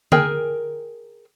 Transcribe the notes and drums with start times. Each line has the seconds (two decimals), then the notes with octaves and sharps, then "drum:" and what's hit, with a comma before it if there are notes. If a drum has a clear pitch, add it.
0.12 G#4 A#4 G5 G#5, drum: tom D3